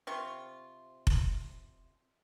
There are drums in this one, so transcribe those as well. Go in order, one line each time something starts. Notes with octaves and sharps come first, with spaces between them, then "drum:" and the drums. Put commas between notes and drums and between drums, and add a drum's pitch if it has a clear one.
C3 F4 C#6
drum: kick F1